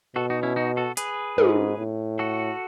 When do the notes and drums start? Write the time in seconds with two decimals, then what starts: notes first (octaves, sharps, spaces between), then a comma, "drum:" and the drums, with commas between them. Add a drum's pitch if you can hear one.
0.16 B2 F#4 A4
0.30 D#4 F#4
0.43 C#4 E4
0.56 D#4 F#4
0.77 F#4 A4
0.97 G#4 B4, drum: hi-hat
1.38 G#2, drum: tom
1.78 A2
2.19 F#4 A4